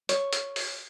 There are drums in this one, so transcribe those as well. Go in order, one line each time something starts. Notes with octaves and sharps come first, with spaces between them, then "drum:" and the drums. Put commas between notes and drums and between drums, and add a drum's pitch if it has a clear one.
C#5, drum: hi-hat
drum: hi-hat
drum: open hi-hat